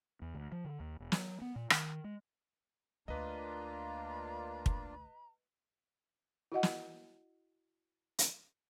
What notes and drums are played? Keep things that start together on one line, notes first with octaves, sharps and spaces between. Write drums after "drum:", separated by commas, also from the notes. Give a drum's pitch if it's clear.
E2
D2
F3
D3
D#2
E1
F#3, drum: snare
B3
A#2
D#3, drum: rim click
G#3
D2 A#3 D4 F4 B4 D#5 A#5
drum: kick
E4 F#4 D#5 F#5
drum: snare
drum: hi-hat